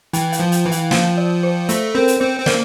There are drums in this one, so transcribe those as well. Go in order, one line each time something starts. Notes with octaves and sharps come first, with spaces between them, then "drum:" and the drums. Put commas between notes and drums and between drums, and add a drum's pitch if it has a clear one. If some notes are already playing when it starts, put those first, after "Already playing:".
E3 G5, drum: hi-hat
F5, drum: hi-hat
F3
G5, drum: hi-hat
E3
F5, drum: hi-hat
F3 F5, drum: snare
D5
C5
A3 A4, drum: hi-hat
C4 A#4
drum: hi-hat
C4 C5
C4
A#3 D5, drum: snare